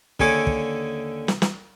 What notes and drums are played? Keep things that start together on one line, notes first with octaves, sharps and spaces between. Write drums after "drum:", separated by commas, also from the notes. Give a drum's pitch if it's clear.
D#2 D3 C#4 G#4 C#5 D6, drum: kick
drum: kick
drum: snare
drum: snare